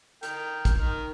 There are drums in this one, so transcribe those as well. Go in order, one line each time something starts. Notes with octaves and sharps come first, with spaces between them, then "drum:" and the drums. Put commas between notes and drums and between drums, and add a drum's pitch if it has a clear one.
A#4 G5, drum: hi-hat
drum: kick, hi-hat
D#3 A#4